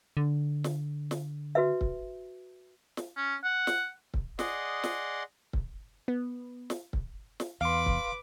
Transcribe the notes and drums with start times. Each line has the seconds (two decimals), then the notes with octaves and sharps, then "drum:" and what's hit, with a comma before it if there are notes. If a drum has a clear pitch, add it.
0.17 D3
0.64 drum: snare
1.11 drum: snare
1.55 F#4 B4 E5
1.81 drum: kick C#1
2.97 drum: snare
3.16 C#4
3.44 F#5
3.67 drum: snare
4.14 drum: kick C#1
4.39 G#4 D5 D#5 F#5 C6, drum: snare
4.84 drum: snare
5.53 drum: kick C#1
6.08 B3
6.70 drum: snare
6.93 drum: kick C#1
7.40 drum: snare
7.61 E2 B4 F5 C6 D6
7.86 drum: kick C#1